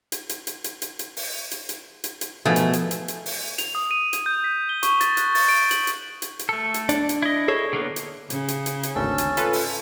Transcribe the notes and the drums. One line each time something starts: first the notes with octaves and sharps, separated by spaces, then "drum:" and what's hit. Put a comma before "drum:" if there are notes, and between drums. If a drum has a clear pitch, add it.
drum: hi-hat
drum: hi-hat
drum: hi-hat
drum: hi-hat
drum: hi-hat
drum: hi-hat
drum: open hi-hat
drum: hi-hat
drum: hi-hat
drum: hi-hat
drum: hi-hat
B2 F3 A3 G#4
drum: hi-hat
drum: hi-hat
drum: hi-hat
drum: hi-hat
drum: open hi-hat
F7, drum: hi-hat
D#6
D#7
drum: hi-hat
G6
B6
G7
C#6, drum: hi-hat
A6, drum: hi-hat
F#6, drum: hi-hat
A6, drum: open hi-hat
D7
F#7, drum: hi-hat
drum: hi-hat
drum: hi-hat
drum: hi-hat
A3 A4
drum: hi-hat
D4, drum: hi-hat
drum: hi-hat
E4 D#5
G#4 A4 C#5
D3 A#3 B3
drum: hi-hat
C#3, drum: hi-hat
drum: hi-hat
drum: hi-hat
drum: hi-hat
G#1 D2 C#4 A5 E6
drum: hi-hat
F4 A4 B4, drum: hi-hat
drum: open hi-hat